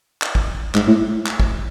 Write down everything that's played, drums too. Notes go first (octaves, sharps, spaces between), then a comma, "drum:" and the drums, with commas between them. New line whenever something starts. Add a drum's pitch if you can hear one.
drum: clap
drum: kick
G#2, drum: clap
A2
drum: clap
drum: kick